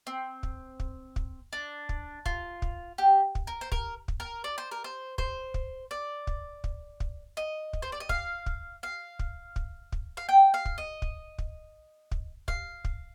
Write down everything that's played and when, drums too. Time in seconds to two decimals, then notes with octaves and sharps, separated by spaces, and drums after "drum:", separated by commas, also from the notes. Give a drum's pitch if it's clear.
0.07 C4
0.43 drum: kick
0.80 drum: kick
1.16 drum: kick
1.53 D4
1.89 drum: kick
2.26 F4, drum: kick
2.62 drum: kick
2.98 G4
3.35 drum: kick
3.47 A#4
3.61 C5
3.72 A#4, drum: kick
4.08 drum: kick
4.20 A#4
4.44 D5
4.58 C5
4.71 A#4
4.84 C5
5.18 C5, drum: kick
5.54 drum: kick
5.91 D5
6.27 drum: kick
6.64 drum: kick
7.00 drum: kick
7.37 D#5
7.73 drum: kick
7.82 C5
7.92 D5
8.00 D#5
8.09 F5, drum: kick
8.46 drum: kick
8.83 F5
9.19 drum: kick
9.56 drum: kick
9.92 drum: kick
10.17 F5
10.29 G5
10.54 F5
10.65 drum: kick
10.78 D#5
11.02 drum: kick
11.38 drum: kick
12.11 drum: kick
12.48 F5, drum: kick
12.85 drum: kick